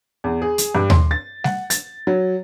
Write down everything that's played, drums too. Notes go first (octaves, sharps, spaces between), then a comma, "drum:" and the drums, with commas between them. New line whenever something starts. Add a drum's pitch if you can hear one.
E2
G#4
drum: hi-hat
G2
C6, drum: tom D#2
A6
F#5, drum: snare G3
A6, drum: hi-hat
F#3